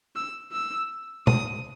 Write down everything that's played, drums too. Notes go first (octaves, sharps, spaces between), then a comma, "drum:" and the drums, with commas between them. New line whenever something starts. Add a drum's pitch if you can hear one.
E6
E6
D#6, drum: tom B2